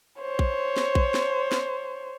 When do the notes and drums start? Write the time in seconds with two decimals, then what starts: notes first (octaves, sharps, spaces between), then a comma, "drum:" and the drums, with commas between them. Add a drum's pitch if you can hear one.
0.20 C5 C#5
0.39 drum: kick A#1
0.77 drum: snare
0.95 drum: kick A#1
1.14 drum: snare
1.52 drum: snare